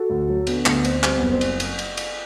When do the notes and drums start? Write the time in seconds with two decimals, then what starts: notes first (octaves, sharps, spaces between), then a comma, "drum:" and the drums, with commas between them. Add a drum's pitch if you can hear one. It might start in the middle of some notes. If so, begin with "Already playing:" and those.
Already playing: F#4 A4
0.10 D2
0.29 F#3
0.47 D3 B3, drum: cymbal
0.66 D2 B3, drum: clap
0.85 D2 C4, drum: cymbal
1.03 G3 C4, drum: clap
1.18 F#1 B3
1.32 C4
1.41 drum: cymbal
1.60 drum: cymbal
1.79 drum: cymbal
1.97 drum: cymbal